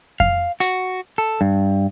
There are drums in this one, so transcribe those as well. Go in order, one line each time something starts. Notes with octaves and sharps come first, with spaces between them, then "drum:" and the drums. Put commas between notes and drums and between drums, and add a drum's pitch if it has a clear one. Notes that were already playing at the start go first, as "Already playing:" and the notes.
F5, drum: kick F2
F#4, drum: hi-hat
A4
G2